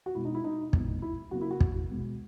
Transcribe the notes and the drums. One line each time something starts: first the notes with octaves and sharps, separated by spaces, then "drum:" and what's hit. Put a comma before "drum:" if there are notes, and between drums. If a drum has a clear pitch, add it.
F#4
B2 G#3 B3 E4
D#4
E4
D#4
A#2 G#3 B3, drum: kick
E4
C#3 F#3 A#3 F#4
E4
F#4
drum: kick
B2 G#3 B3